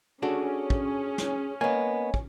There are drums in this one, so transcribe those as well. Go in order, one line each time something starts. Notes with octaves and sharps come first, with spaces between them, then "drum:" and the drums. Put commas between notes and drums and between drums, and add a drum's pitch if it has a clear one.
C#4 D4 F#4 G#4 A4
drum: kick
drum: snare
A#3 B3 C#5 D#5 G#5
drum: kick